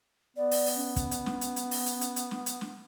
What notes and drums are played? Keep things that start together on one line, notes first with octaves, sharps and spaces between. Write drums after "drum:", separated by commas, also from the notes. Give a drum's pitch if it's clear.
B3 D5
drum: open hi-hat
drum: open hi-hat
C#4
drum: kick, hi-hat
drum: hi-hat
drum: snare
drum: hi-hat
drum: hi-hat
drum: open hi-hat
drum: hi-hat
drum: hi-hat
drum: hi-hat
drum: snare
drum: hi-hat
drum: snare